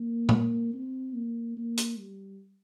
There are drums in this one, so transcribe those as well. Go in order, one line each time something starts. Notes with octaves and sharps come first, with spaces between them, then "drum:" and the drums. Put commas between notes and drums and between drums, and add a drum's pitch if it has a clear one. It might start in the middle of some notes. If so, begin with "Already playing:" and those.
Already playing: A#3
drum: tom A#2
C4
A#3
A#3
drum: hi-hat
G3